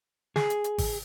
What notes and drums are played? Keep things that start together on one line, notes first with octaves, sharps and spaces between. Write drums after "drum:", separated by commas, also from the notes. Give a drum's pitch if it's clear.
G#4, drum: snare
drum: hi-hat
drum: hi-hat
drum: kick G#1, open hi-hat